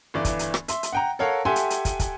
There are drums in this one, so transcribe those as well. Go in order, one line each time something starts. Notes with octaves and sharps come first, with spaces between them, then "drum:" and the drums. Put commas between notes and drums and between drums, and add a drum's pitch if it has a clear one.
G1 E3 D5
drum: kick, hi-hat
drum: hi-hat
drum: rim click
E5 C6, drum: hi-hat
drum: hi-hat
F#5 G5 A#5
A4 A#4 C#5 F5 F#5
G4 A4 E5 F#5 G#5 C6
drum: hi-hat
drum: hi-hat
drum: kick, hi-hat
drum: kick, hi-hat